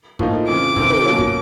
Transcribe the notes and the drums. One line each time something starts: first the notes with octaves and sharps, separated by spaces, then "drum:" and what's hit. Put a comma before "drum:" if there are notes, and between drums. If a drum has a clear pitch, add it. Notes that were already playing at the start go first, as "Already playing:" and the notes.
A2 F3 A#3 D#4, drum: kick
F2 C#3 E3 D6
D2 C3 D#3, drum: kick
drum: tom
B2 F#3 A#3 C#4
drum: kick